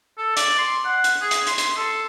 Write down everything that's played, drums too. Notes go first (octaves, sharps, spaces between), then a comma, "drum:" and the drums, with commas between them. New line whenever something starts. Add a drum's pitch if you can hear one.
A4
D5, drum: hi-hat
C6
F#5
drum: hi-hat
G#4
drum: hi-hat
C6, drum: hi-hat
drum: hi-hat
A4